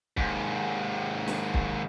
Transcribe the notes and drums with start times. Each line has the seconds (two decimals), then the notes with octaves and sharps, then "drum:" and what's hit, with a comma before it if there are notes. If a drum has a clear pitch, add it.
0.17 D#2 G#2, drum: kick
1.28 drum: snare
1.54 drum: kick